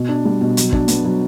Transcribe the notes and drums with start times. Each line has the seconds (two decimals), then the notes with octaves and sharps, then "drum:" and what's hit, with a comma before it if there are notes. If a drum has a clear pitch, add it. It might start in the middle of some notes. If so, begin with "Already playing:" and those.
Already playing: B2
0.09 D4
0.25 G3
0.41 B2
0.57 F#3, drum: hi-hat
0.73 D4, drum: kick
0.88 B3, drum: hi-hat
1.05 F#3